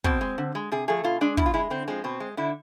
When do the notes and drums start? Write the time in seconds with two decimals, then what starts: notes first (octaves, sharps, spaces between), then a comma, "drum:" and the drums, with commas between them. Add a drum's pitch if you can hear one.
0.04 B2 C4, drum: kick
0.21 G#3
0.38 D3
0.55 G#3
0.72 C3 G#4
0.88 F3 A3 G#4
1.04 B2 F4
1.21 G#3 D4
1.37 B2 E4, drum: kick
1.46 F4
1.54 G#3 E4
1.70 D3 C4
1.88 F3 G#3 C4
2.04 B2 C4
2.20 G#3
2.37 D3 E4